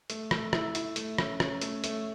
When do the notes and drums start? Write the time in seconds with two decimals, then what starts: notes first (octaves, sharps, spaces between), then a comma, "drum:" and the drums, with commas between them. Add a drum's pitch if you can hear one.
0.10 A3, drum: hi-hat
0.31 A3, drum: rim click
0.53 E4, drum: rim click
0.75 E4, drum: hi-hat
0.96 A3, drum: hi-hat
1.18 C#4, drum: rim click
1.40 C#4, drum: rim click
1.62 A3, drum: hi-hat
1.84 A3, drum: hi-hat